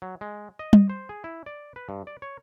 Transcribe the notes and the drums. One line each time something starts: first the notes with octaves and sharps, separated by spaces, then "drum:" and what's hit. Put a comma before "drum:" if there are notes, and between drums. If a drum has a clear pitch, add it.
F#3
G#3
D#5
drum: tom G3
C5
G#4
E4
D5
B4
G2
D5
C#5